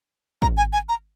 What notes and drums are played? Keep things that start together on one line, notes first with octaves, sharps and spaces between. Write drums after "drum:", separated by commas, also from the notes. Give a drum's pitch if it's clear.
A#5, drum: kick
G#5
G#5
A#5